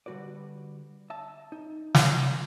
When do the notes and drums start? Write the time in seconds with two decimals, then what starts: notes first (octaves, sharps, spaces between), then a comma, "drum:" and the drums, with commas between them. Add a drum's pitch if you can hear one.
0.06 D3 G3 F#4 B4 D5
1.10 D#5 E5 A5
1.52 D#4
1.95 drum: snare